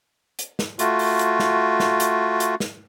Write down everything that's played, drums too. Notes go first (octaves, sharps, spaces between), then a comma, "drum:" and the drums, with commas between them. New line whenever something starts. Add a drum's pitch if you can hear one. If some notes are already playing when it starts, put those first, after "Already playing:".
drum: hi-hat
drum: snare
A3 F4 F#4, drum: hi-hat
drum: open hi-hat
drum: hi-hat
drum: snare
drum: snare
drum: hi-hat
drum: hi-hat
drum: snare